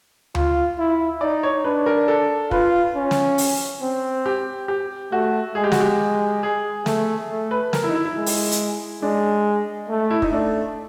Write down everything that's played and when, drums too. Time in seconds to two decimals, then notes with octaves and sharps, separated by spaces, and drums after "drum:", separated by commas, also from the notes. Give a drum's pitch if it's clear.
0.35 F4, drum: tom D2
0.78 E4
1.21 D#4 D5
1.43 C#5
1.64 D4 B4
1.86 A#4
2.08 A4
2.51 F4 B4, drum: kick
2.95 C#4
3.11 drum: snare
3.38 drum: open hi-hat
3.82 C4
4.26 G4
4.68 G4
5.12 A3 F#4
5.55 G#3 G#4
5.64 G4
5.72 F#4, drum: snare
5.80 G4
6.43 G#4
6.86 A3, drum: snare
7.29 A3
7.51 B4
7.73 A#4, drum: snare
7.84 E4
7.89 D#4
7.95 E4
8.05 E4
8.17 G#3
8.26 drum: open hi-hat
8.52 drum: hi-hat
9.02 G#3 D4
9.90 A3
10.10 E4
10.22 D#4, drum: kick
10.33 A3 D4